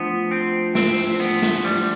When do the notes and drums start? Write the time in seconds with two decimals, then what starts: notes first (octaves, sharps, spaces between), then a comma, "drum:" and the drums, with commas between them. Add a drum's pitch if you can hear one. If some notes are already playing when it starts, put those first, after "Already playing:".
Already playing: F3 A3 B3 D4 F4 C5
0.31 C4
0.75 C4, drum: snare
0.98 drum: hi-hat
1.20 B3, drum: hi-hat
1.42 drum: snare
1.65 G3, drum: hi-hat